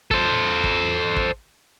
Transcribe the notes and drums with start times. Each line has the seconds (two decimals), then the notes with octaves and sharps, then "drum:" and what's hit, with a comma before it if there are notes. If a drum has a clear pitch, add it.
0.11 A4 C5, drum: kick
0.64 drum: kick
1.16 drum: kick